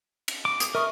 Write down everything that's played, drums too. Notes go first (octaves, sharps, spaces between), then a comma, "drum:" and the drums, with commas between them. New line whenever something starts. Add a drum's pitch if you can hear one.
drum: cymbal
D6
D#6, drum: hi-hat
A#4 E5 C#6 D#6